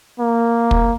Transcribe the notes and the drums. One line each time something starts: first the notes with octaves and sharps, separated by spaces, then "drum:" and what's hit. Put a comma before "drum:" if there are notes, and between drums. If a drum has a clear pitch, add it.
A#3
drum: kick